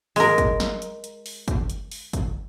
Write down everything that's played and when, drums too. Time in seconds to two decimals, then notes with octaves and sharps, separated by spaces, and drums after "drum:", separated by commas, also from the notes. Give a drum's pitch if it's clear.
0.16 G#3 A#4, drum: open hi-hat
0.38 drum: kick, hi-hat
0.60 drum: snare
0.82 drum: hi-hat
1.04 drum: hi-hat
1.26 drum: open hi-hat
1.48 drum: kick, hi-hat
1.70 drum: hi-hat
1.91 drum: open hi-hat
2.13 drum: kick, hi-hat